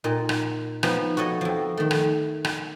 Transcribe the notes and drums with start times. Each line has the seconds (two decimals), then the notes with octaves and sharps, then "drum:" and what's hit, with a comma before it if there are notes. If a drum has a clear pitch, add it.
0.04 A#2 D#4 A#4
0.29 drum: rim click
0.83 F3 B3 D#4 B4, drum: rim click
1.17 F#4 A4 C#5 D#5
1.41 F2 F3
1.77 D#3 A3
1.91 drum: rim click
2.45 drum: rim click